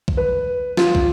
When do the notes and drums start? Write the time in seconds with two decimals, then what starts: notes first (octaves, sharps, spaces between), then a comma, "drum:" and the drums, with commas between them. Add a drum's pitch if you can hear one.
0.08 drum: kick
0.17 B4
0.77 F4, drum: snare
0.95 drum: kick